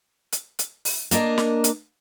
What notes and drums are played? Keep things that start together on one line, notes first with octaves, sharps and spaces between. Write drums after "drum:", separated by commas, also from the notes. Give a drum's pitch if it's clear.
drum: hi-hat
drum: hi-hat
drum: open hi-hat
A#3 D4 A#4 D#5, drum: hi-hat
drum: snare
drum: hi-hat